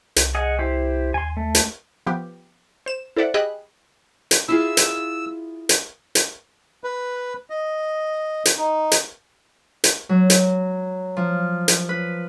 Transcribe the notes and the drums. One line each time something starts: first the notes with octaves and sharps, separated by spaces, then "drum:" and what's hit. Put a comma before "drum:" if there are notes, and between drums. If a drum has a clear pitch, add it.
C2, drum: hi-hat
G#4 D#5 F#5
E4 G4 C5
D#2 G#5 C6
A3
drum: hi-hat
F3 B3 F4 G4
C5 E7
E4 A4 C5 D5 E5 F#5
G4 G#4 D#5 B5 E6 F#6
drum: hi-hat
E4 F4 G#4 E6
drum: hi-hat
drum: hi-hat
drum: hi-hat
B4
D#5
drum: hi-hat
D#4
drum: hi-hat
drum: hi-hat
F#3
drum: hi-hat
F3
drum: hi-hat
B4